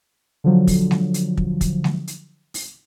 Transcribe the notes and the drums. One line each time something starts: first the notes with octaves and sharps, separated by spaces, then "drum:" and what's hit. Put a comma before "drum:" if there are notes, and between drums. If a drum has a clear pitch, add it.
D3 F3 F#3
drum: kick, open hi-hat
drum: snare G#3
drum: hi-hat
drum: kick
drum: kick, hi-hat
drum: snare G#3
drum: hi-hat
drum: open hi-hat